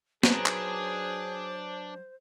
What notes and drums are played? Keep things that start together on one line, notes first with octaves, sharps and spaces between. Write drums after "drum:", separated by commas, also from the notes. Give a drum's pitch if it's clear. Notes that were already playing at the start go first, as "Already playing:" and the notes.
F#3 D4 G#4 B4 C5 A#5, drum: snare
drum: clap